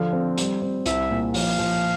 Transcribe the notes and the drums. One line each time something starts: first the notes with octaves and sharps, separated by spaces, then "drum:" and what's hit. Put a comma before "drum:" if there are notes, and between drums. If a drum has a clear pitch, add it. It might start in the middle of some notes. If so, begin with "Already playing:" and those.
Already playing: D3 F3 F5
C4
G3, drum: hi-hat
C4
C2 E5, drum: hi-hat
A#2
F3 F5, drum: open hi-hat
F3